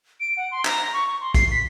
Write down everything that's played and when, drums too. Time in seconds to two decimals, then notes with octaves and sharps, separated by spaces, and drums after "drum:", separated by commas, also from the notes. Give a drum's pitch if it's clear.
0.20 D7
0.37 F#5
0.51 C6
0.65 A#5, drum: clap
0.93 C#6
1.07 C#6
1.20 C6
1.34 C7, drum: kick, hi-hat
1.51 B6